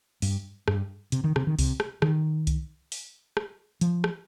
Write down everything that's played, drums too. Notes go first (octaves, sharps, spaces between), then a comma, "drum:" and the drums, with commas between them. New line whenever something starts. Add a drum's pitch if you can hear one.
G2, drum: open hi-hat
G2, drum: rim click
C3, drum: hi-hat
D#3
C3, drum: rim click
D#3
C3, drum: kick C2, open hi-hat
drum: rim click
D#3, drum: rim click
drum: kick C2, hi-hat
drum: open hi-hat
drum: rim click
F3, drum: hi-hat
drum: rim click